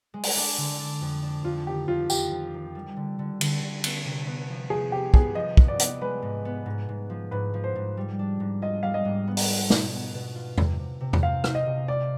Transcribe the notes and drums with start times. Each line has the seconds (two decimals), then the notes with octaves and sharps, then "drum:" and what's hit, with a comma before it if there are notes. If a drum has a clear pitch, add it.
0.14 G#3
0.23 drum: open hi-hat
0.36 D4
0.58 D3
0.79 D4
1.01 F2
1.22 D4
1.44 F2 F4
1.67 D#3 G4
1.88 F2 F4
2.10 F2 G4, drum: tambourine
2.31 F2
2.54 D#3
2.75 G3
2.96 D3
3.19 D3
3.41 D3, drum: cymbal
3.62 D3
3.84 B3, drum: cymbal
4.05 C3
4.27 B3
4.50 F3
4.70 F3 G#4
4.92 C3 G4
5.14 B3 G#4, drum: kick
5.35 F3 D#5
5.57 B3, drum: kick
5.68 D5
5.79 B3, drum: hi-hat
6.01 G#3 B4
6.22 G#2
6.45 B3
6.66 G#2
6.89 G#2
7.10 F3
7.31 G#2 B4
7.54 F3
7.64 C5
7.76 G#2
7.97 G3
8.19 D4
8.40 G#2
8.62 F4 D#5
8.83 G3 F5
8.94 D#5
9.05 G#2
9.27 B3
9.37 drum: open hi-hat
9.49 F4
9.70 B2, drum: snare
9.93 B3
10.14 B2
10.35 F4
10.58 C3, drum: tom E2
10.79 C3
11.01 C3
11.13 drum: tom E2
11.23 C4 F5
11.44 C4, drum: rim click
11.55 D#5
11.66 C3
11.88 F4 D5